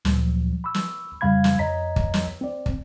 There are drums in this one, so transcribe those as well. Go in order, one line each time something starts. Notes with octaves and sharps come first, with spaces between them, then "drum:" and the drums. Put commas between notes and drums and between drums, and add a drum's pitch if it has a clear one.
D2 A#2 F3 F#3, drum: snare
B5 C#6 E6
drum: snare
F2 C#3 G3 F5 B5 G#6
drum: snare
F2 C#5 D#5 A#5 G#6 B6
drum: kick
drum: snare
C4 D5
drum: kick